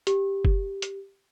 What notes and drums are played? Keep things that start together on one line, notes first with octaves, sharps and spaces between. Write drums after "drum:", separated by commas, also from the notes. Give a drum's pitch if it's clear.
G4, drum: hi-hat
drum: kick F#1
drum: hi-hat